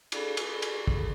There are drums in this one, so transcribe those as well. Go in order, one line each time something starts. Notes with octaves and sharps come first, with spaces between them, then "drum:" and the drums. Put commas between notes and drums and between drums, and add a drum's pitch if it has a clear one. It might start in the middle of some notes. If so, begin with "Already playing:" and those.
F#4 G#4 A4 D5 B5, drum: cymbal
drum: cymbal
drum: cymbal
drum: kick